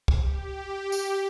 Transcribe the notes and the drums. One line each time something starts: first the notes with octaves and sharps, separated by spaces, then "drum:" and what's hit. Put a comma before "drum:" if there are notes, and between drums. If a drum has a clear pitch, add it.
drum: kick
G4
drum: tambourine